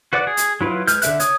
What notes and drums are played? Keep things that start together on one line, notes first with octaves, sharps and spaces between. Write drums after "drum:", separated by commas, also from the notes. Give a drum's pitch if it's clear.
F#4 B4 D5 F#5 D6
G#4
drum: hi-hat
F#3 E4 F4 B4
G#3 B4 F6 G6, drum: hi-hat
D3 A#4 E5 F#6, drum: hi-hat
C#5 D#6, drum: hi-hat